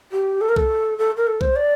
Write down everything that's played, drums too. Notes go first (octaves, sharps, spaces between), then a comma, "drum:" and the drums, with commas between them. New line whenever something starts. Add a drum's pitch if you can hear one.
G4
A4
A#4
A4, drum: kick B1
A4
A#4
A4
C5, drum: kick B1
D5